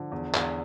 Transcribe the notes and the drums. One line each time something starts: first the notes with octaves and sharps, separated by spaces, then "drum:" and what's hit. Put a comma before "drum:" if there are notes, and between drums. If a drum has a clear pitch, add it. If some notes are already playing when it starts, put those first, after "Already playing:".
Already playing: D3 F3
E2
E2, drum: clap